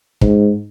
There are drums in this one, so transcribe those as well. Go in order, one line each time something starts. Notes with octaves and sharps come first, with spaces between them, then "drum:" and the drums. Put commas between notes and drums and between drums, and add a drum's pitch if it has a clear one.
G#2, drum: kick